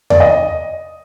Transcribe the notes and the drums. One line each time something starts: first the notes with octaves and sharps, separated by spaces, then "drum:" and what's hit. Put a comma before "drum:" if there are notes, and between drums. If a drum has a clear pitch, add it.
D5, drum: tom E2
D#5